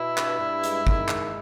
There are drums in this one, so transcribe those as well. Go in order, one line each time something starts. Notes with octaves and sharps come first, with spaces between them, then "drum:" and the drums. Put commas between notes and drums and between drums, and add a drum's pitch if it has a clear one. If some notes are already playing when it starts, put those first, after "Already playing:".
Already playing: B2 E4
G2, drum: clap
G2
G#3, drum: hi-hat
D#3, drum: kick G#1
G#3, drum: clap